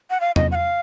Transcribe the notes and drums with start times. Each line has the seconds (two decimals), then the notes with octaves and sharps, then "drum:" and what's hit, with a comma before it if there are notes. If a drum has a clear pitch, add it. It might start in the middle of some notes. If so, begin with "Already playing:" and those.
0.10 F#5
0.20 F5
0.36 D#5, drum: tom
0.51 F#5
0.55 F5